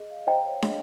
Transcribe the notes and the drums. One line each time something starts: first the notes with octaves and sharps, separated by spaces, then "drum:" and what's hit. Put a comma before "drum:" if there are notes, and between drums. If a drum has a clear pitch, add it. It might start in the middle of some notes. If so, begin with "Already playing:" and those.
Already playing: G#4 D#5
F5
C5 D#5 G5 A#5
C#5
G#4 D#5, drum: snare